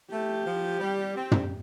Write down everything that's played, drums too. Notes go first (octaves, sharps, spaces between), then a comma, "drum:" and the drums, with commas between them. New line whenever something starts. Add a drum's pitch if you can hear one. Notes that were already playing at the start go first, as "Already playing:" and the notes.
A3 G4
F3
G3
C4
drum: tom